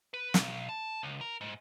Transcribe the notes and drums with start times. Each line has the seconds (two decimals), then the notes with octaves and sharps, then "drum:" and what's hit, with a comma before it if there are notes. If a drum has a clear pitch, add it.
0.14 B4
0.34 B1, drum: snare
0.69 A5
1.03 C#2
1.21 A#4
1.41 G#2